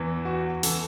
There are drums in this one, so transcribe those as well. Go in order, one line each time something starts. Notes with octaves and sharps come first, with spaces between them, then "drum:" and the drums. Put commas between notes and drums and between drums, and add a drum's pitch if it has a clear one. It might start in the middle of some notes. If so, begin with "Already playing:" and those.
Already playing: E2 E3
F#4
E3 A4, drum: open hi-hat